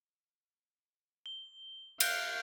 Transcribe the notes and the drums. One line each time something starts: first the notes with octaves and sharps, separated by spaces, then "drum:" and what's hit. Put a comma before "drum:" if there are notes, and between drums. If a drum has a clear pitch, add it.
G7
F5 F#6 G6 D7, drum: cymbal